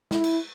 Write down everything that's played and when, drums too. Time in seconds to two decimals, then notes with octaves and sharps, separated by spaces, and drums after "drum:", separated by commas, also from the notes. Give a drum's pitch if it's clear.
0.11 E4, drum: snare
0.24 drum: cymbal